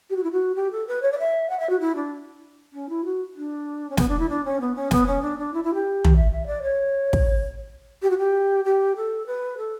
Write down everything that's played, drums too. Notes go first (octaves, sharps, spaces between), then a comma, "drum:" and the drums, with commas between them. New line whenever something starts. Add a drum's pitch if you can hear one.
G4
F#4
E4
F#4
G4
A4
B4
C#5
D5
E5
F#5
E5
F#4
E4
D4
C#4
E4
F#4
D4
C#4
B3, drum: snare
D4
E4
D4
C#4
B3
C#4
B3, drum: snare
C#4
D4
D4
E4
E4
G4
drum: tom
E5
E5
D5
C#5
drum: kick
G4
F#4
G4
G4
A4
B4
A4